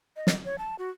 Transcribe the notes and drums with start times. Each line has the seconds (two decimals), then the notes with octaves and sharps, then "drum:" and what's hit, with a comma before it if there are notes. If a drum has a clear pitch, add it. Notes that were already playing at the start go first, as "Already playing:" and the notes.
0.16 D#5
0.27 drum: snare
0.45 C#5
0.58 A5
0.79 F#4